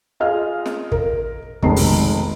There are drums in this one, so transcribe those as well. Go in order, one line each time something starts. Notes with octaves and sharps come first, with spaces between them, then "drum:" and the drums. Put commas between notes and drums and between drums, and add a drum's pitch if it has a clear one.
F4 G#4 D#5 F5 F6
drum: snare
A#4, drum: kick
F1 B1 D#3 G#3 A5 C7, drum: kick
drum: open hi-hat